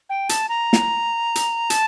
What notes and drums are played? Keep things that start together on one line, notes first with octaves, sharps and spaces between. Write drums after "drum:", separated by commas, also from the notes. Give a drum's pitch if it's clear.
G5
A5, drum: hi-hat
A#5
drum: snare
drum: hi-hat
A5, drum: hi-hat